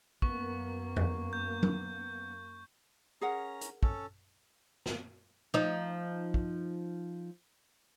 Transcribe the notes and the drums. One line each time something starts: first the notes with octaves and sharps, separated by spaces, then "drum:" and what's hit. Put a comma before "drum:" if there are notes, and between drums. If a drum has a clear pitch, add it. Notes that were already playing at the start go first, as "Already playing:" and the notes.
F#2 A#3 B3 C#6, drum: kick
drum: tom F2
G6
drum: tom F#3
C#4 G#4 A#4 F#5 A#5
drum: hi-hat
C#4 A4, drum: kick
drum: snare
F3 D#4
drum: kick